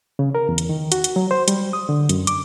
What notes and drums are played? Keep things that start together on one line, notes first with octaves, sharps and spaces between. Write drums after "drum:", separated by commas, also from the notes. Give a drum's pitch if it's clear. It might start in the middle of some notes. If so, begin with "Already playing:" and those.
C#3
A#4
E2
drum: hi-hat
D#3
F#4, drum: hi-hat
drum: hi-hat
F#3
C5
G3, drum: hi-hat
D#6
D3
F#2, drum: hi-hat
D6, drum: hi-hat